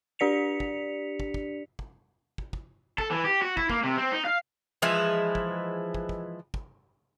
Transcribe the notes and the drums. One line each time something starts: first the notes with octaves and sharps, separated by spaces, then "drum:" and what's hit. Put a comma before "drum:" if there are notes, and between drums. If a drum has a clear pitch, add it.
D4 G4 D5 B6 C#7 F7
drum: kick
drum: kick
drum: kick
drum: kick
drum: kick
drum: kick
A4, drum: kick
E3
G4
F#4
E4, drum: kick
A#3, drum: kick
C3
C4
D#4
F5
E3 F3 G#3 E4
drum: kick
drum: kick
drum: kick
drum: kick